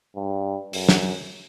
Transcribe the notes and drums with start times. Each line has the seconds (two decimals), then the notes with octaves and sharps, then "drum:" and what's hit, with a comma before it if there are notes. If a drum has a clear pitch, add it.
0.16 G2
0.73 F#2, drum: open hi-hat
0.89 drum: snare